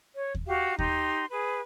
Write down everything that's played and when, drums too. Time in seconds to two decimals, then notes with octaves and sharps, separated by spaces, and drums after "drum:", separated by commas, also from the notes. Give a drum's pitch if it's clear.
0.15 C#5
0.35 drum: kick D#2
0.48 F#4 G4 F5
0.79 D#4 G4 C6, drum: kick D#2
1.31 G#4 B4